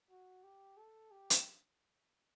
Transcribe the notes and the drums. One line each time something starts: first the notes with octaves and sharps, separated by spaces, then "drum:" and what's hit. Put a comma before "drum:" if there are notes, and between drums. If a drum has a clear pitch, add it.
F#4
G4
A4
G4
drum: hi-hat